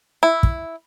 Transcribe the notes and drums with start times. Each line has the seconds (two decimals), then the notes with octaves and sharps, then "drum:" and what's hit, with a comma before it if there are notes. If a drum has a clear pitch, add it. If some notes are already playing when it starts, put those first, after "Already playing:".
0.23 E4
0.43 drum: kick